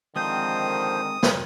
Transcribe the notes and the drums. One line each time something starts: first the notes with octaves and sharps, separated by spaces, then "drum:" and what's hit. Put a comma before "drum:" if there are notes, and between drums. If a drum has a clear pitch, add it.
D3 D#3 F3 G#3 C4 C5 D#6 G6
drum: snare